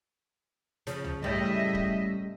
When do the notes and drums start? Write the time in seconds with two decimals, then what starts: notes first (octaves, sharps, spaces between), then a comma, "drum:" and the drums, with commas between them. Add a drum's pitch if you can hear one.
0.87 C#3 F3, drum: hi-hat
1.04 drum: tom
1.23 A2 C#3 G3 C#4 D#5 E5
1.75 drum: kick